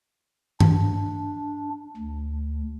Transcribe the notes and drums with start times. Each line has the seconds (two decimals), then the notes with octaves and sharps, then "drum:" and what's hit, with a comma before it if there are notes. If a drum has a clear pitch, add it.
0.60 D4, drum: tom G2
1.97 D2